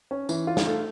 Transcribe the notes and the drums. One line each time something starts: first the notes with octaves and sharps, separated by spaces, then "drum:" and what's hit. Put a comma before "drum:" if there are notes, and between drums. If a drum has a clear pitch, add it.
C#4
E3, drum: tambourine
F4
drum: snare
A3